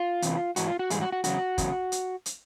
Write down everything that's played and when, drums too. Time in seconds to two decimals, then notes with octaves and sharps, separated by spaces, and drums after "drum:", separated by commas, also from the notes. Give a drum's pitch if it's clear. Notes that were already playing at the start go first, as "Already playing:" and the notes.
Already playing: F4
0.22 E2 C3 E3, drum: hi-hat
0.56 G#2 E3 F#4, drum: hi-hat
0.67 F4
0.79 F#4
0.90 G#2 E3 G3 G#4, drum: hi-hat
1.01 F#4
1.12 F#4
1.24 E2 C#3 F#3 F#4, drum: hi-hat
1.58 E2 C#3 F#3, drum: kick, hi-hat
1.92 drum: hi-hat
2.26 drum: hi-hat